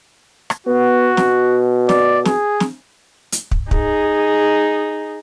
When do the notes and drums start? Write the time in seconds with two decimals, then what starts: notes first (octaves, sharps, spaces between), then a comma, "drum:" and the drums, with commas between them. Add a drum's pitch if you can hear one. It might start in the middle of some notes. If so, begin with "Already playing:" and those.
0.50 drum: rim click
0.66 B3 F#4
1.17 B2, drum: snare
1.89 D5, drum: snare
2.25 G#4, drum: snare
2.60 drum: snare
3.32 drum: hi-hat
3.51 drum: kick
3.71 D#4 G#4, drum: kick